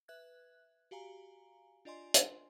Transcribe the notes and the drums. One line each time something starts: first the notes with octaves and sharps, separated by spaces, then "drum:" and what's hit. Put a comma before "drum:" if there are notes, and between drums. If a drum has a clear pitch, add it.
B4 E5 F#6 G#6
F#4 G4 F5 G#5 A#5
D4 F4 D5 D#5 G#5 C6
drum: hi-hat